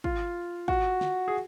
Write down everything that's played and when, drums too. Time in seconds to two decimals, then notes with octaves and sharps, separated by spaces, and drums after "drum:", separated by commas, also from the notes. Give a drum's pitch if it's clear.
0.04 F4, drum: kick
0.68 F#4, drum: kick
1.01 drum: snare
1.28 G#4